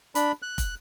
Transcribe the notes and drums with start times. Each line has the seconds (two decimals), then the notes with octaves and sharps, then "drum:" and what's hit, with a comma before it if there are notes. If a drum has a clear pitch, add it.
0.15 D4 B5, drum: hi-hat
0.42 F#6
0.58 drum: kick, hi-hat